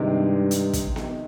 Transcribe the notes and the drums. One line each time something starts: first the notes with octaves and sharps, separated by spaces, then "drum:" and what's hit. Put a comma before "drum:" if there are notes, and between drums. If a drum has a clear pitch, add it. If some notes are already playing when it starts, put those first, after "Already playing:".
Already playing: G2 C3 D#3 G#3
drum: hi-hat
drum: kick, hi-hat
drum: snare B3